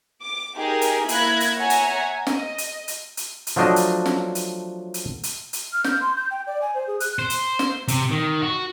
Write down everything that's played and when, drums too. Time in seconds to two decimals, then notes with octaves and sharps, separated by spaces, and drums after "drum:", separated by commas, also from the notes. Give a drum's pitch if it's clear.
0.20 D6
0.57 D#4 G4 G#4 A#4
0.81 drum: hi-hat
1.09 A#3 E4 B5 F#6 G#6 A#6, drum: hi-hat
1.40 drum: hi-hat
1.57 C#5 E5 F#5 G#5 A#5
1.70 drum: hi-hat
2.27 D#5, drum: snare
2.58 drum: hi-hat
2.88 drum: hi-hat
3.17 drum: hi-hat
3.47 drum: hi-hat
3.56 F3 F#3 A3 D4 D#5
3.76 drum: hi-hat
4.06 drum: snare
4.35 drum: hi-hat
4.94 drum: hi-hat
5.23 drum: hi-hat
5.53 drum: hi-hat
5.73 F6
5.84 G6, drum: snare
6.01 C6
6.16 G6
6.31 G5
6.47 D5
6.61 G#5
6.74 C5
6.87 G#4
7.00 F#6, drum: hi-hat
7.19 C5
7.30 drum: hi-hat
7.59 drum: snare
7.88 C3, drum: hi-hat
8.11 D#3
8.42 F#4